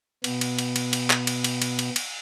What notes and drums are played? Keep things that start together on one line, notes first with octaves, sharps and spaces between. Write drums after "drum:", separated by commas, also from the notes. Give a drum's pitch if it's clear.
B2 B3, drum: cymbal
drum: cymbal
drum: cymbal
drum: cymbal
drum: cymbal
drum: clap
drum: cymbal
drum: cymbal
drum: cymbal
drum: cymbal
drum: cymbal